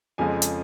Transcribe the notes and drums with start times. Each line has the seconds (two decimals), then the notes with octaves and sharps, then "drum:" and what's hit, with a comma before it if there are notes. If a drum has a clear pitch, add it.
0.18 F2 C#3 F3 G#3 G#5
0.42 drum: hi-hat